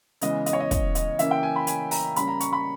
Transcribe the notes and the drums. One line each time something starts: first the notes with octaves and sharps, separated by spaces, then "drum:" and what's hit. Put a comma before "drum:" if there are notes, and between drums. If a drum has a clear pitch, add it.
C#3 E3 G#3 B3 D#5, drum: hi-hat
D#5, drum: hi-hat
C#5
D#5
D#5, drum: kick, hi-hat
D#5, drum: hi-hat
C#3 E3 A#3 C#4 E5, drum: hi-hat
G5
G#5
B5
G#5, drum: hi-hat
A#5, drum: open hi-hat
C#3 G3 A#3 C#4 B5, drum: hi-hat
A#5
C#6, drum: hi-hat
B5